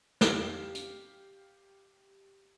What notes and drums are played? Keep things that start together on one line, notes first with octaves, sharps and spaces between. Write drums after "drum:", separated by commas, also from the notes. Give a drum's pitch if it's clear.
G4 F5, drum: snare
drum: hi-hat